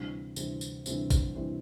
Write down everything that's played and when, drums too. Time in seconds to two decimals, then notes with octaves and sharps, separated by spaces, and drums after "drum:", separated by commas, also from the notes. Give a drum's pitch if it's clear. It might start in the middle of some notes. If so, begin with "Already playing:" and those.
Already playing: D2 C3 E3 G3 C4
0.36 D2 C3 E3 G3 C4, drum: tambourine
0.61 drum: tambourine
0.86 D2 C3 E3 G3 C4, drum: tambourine
1.10 drum: kick G#1, tambourine
1.35 D2 C3 E3 G3 C4